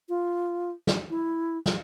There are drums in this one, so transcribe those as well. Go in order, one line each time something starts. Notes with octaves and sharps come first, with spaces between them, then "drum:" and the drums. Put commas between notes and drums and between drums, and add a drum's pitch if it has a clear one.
F4
drum: snare
E4
drum: snare